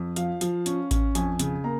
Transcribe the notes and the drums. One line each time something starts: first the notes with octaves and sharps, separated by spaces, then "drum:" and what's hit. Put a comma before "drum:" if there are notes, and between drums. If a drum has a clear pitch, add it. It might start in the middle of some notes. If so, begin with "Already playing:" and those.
Already playing: F2
F3 F5, drum: hi-hat
F3, drum: hi-hat
C#4, drum: hi-hat
C#4, drum: kick A1, hi-hat
F2 G#5, drum: hi-hat
C#3, drum: hi-hat
A#3 A#5